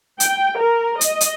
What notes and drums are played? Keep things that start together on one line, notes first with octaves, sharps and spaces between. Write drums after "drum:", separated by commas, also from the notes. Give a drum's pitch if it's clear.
G5, drum: hi-hat
A#4
D#5, drum: hi-hat
drum: hi-hat